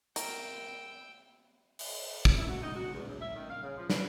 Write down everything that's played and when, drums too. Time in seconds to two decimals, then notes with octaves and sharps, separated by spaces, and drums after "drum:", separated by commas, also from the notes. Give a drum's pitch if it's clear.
0.16 A#4 G5 E6, drum: hi-hat
1.79 drum: open hi-hat
2.25 drum: kick
2.37 E4
2.48 F#4
2.62 D#4
2.75 F#4
2.94 E2
3.07 F#2
3.21 E5
3.35 D#3
3.50 F5
3.63 C#3
3.77 F3
3.90 B4, drum: snare